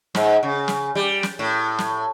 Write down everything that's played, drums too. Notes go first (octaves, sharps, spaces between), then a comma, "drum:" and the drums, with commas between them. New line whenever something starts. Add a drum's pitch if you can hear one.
G#2, drum: snare
C#3
drum: snare
G3
drum: snare
A2
drum: snare